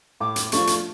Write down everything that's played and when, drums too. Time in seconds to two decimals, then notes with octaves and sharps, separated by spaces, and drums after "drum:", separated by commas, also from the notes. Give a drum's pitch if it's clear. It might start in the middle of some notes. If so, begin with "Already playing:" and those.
0.20 A2 D6
0.36 drum: hi-hat
0.52 F3 A3 D4 F4 C#6, drum: hi-hat
0.67 drum: hi-hat